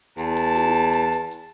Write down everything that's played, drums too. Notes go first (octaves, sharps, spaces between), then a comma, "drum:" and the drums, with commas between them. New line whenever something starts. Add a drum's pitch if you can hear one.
E2 A5, drum: hi-hat
drum: open hi-hat
drum: snare
drum: hi-hat
drum: open hi-hat
drum: hi-hat
drum: hi-hat